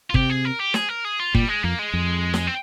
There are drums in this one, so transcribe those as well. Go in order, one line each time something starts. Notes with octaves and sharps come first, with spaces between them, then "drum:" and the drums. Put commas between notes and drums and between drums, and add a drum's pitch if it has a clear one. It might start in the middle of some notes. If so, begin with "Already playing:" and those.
F4
C3 G4, drum: kick G1
G#4
A#4
G4
G#4, drum: snare
A#4
G#4
F4
A#2 G3, drum: kick G1
G#3
F2 A#3
G#3
F2
drum: snare
C4